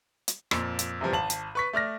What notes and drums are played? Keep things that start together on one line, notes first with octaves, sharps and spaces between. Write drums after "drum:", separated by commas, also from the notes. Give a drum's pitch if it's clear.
drum: hi-hat
F2 A#2, drum: rim click
drum: hi-hat
C3 E3 F3 G3
G#1 A5 F#7
drum: hi-hat
B4 C#6 B6
A3 D5 F6 A#6